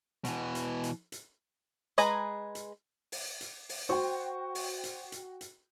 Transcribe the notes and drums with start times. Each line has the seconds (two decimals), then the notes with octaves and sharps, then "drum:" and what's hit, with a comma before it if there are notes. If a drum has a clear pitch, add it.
0.25 B2 E3, drum: hi-hat
0.55 drum: hi-hat
0.84 drum: hi-hat
1.12 drum: hi-hat
1.98 G#3 G#4 B4 G#5 A#5, drum: hi-hat
2.55 drum: hi-hat
3.12 drum: open hi-hat
3.41 drum: hi-hat
3.69 drum: open hi-hat
3.89 F#4 C5 G5 C#6
4.55 drum: open hi-hat
4.84 drum: hi-hat
5.12 drum: hi-hat
5.41 drum: hi-hat